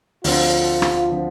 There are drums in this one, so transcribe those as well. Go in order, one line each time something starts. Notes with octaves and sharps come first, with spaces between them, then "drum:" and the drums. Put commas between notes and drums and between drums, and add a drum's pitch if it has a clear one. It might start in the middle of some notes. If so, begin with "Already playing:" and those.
D2 D3 F3 C4 F4, drum: open hi-hat
drum: rim click
D3 F3 C4